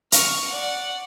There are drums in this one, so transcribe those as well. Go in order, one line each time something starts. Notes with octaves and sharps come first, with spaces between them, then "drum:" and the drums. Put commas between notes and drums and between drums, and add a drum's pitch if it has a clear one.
C#6 F6, drum: hi-hat
D5 F#5